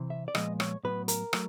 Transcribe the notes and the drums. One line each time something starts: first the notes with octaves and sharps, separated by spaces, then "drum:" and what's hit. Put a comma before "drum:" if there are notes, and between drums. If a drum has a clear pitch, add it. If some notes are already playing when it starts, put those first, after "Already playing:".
Already playing: C3 E3 C4
E5
D5
A#2 F3 G#3 B3 D#5, drum: rim click
C#5, drum: rim click
A2 F#3 B3 B4
A#4, drum: hi-hat
F#3 A3, drum: rim click